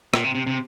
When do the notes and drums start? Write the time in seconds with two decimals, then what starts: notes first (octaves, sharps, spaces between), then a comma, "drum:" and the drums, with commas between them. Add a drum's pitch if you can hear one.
0.14 A#2, drum: rim click
0.24 C3
0.35 C3
0.47 C3